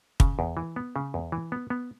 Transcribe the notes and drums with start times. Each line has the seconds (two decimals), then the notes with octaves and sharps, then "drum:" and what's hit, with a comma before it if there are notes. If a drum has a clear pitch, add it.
0.20 C#3, drum: kick
0.39 E2
0.57 E3
0.76 B3
0.96 C#3
1.14 E2
1.32 E3
1.52 B3
1.70 B3